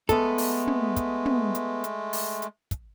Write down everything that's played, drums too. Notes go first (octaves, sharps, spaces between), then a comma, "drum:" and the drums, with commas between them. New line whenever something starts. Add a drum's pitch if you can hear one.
G#3 A3 B3 A4, drum: kick, hi-hat
drum: open hi-hat
drum: tom
drum: kick, hi-hat
drum: tom
drum: hi-hat
drum: hi-hat
drum: open hi-hat
drum: hi-hat
drum: kick, hi-hat